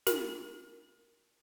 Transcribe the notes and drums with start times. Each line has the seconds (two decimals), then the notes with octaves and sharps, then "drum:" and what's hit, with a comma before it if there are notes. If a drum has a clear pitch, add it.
0.07 A#4, drum: snare